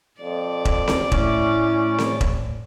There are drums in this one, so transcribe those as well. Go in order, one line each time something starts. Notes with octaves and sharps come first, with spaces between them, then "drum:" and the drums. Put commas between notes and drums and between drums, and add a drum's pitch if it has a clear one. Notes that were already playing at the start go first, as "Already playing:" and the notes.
F2 D5
drum: kick E1
drum: snare C4
A2 C#4 E4, drum: kick E1
drum: snare C4
drum: kick E1